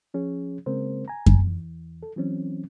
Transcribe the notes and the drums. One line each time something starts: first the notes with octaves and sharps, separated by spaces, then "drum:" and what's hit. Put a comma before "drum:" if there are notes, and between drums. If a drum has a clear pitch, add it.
F3 C#4 G#4 C#5
C#3 G#3 A#3 C4 A#4 C5
G#5 A#5
drum: kick F#2
E2 E3
A4
E3 F#3 C4 C#4